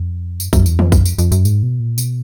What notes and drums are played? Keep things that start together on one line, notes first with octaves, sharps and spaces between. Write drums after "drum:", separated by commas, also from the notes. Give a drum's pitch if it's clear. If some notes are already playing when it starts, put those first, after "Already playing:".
Already playing: F2
F#2, drum: tambourine
F#2, drum: kick A#1, tambourine
E2, drum: tambourine
F2, drum: tom D#3
F#2, drum: kick A#1, tambourine
F2, drum: tambourine
F2, drum: tambourine
F#2, drum: tambourine
G#2, drum: tambourine
B2
A#2
B2, drum: tambourine